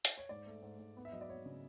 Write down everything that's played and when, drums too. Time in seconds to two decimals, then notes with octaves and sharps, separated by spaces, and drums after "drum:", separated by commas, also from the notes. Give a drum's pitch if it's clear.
0.05 drum: hi-hat
0.18 C#5
0.29 G#2 D5
0.46 A3
0.62 G#2
0.79 G#2
0.97 B3
1.05 E5
1.12 F#3 D#5
1.21 D5
1.29 B3 C#5
1.46 C#3